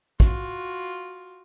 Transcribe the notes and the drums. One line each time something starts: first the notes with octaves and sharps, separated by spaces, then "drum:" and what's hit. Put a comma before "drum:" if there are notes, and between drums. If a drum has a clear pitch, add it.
F4 F#4, drum: kick